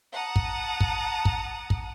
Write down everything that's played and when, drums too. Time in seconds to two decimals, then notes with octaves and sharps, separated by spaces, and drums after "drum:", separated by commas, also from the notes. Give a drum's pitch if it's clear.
0.13 F#5 A5 A#5 D#6
0.36 drum: kick
0.80 drum: kick
1.25 drum: kick
1.70 drum: kick